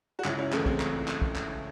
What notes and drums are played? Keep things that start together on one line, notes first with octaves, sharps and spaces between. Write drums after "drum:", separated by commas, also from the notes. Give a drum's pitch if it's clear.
F#4
C#2 C#4 E4, drum: clap
C#4 E4
C#3 E3 A3 C#4, drum: clap
G#3 C4, drum: kick
drum: clap
drum: clap
drum: kick
drum: clap